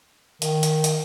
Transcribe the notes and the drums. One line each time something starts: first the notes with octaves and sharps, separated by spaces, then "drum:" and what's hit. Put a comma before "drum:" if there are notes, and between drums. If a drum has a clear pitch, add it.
D#3, drum: hi-hat
drum: hi-hat
drum: hi-hat